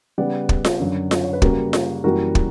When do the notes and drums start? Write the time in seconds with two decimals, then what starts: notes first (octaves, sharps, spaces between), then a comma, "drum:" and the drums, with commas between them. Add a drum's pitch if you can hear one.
0.18 C#3 G3 B3 D5 F#5
0.49 drum: kick
0.65 drum: snare F4
0.80 F#2 D3 F#3
1.11 drum: snare F4
1.24 C#5
1.33 B4
1.42 C#3 G3 A#3 F#4 A#4, drum: kick
1.73 drum: snare F4
2.04 F#2 E3 G3 A#3 F#4 A#4
2.35 drum: kick